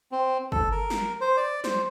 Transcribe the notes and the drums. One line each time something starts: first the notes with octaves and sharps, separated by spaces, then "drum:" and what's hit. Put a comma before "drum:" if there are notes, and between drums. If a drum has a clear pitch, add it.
C4
A4, drum: kick
A#4
drum: snare
C5
D5
C5, drum: snare